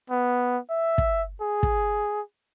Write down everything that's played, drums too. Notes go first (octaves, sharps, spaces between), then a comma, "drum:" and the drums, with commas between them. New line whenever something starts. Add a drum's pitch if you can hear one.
B3
E5
drum: kick
G#4
drum: kick